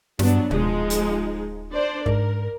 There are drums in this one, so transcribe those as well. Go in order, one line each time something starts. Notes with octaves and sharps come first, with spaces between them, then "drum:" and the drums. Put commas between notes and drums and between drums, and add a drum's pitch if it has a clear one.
G2 F#3 B3 D4, drum: snare
D1 F3 G#3 D#4, drum: tom B2
drum: hi-hat
D4 C5 D5
G#2 A#4, drum: kick F#1